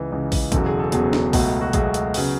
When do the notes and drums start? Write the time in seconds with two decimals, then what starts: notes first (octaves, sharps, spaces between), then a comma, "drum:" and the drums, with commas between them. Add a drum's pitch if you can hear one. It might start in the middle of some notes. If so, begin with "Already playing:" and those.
Already playing: C#2 C#3 E3
0.12 C#2 C#3 E3
0.32 drum: kick, open hi-hat
0.52 E1 E2 C#3 F#3 A4, drum: kick, hi-hat
0.66 G#4
0.80 A4
0.92 E1 E2 C#3 F#3 G#4, drum: hi-hat
1.13 drum: snare
1.33 C#2 B2 F#3 A3, drum: kick, open hi-hat
1.61 F#4
1.73 C#2 B2 F#3 A3 G#4, drum: kick, hi-hat
1.94 drum: hi-hat
2.14 C#3 F#3 B3, drum: open hi-hat